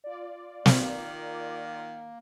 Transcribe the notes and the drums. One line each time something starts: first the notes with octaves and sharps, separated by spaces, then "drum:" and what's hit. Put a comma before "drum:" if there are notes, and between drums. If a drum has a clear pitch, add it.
F4 D5
D#3 A#3, drum: snare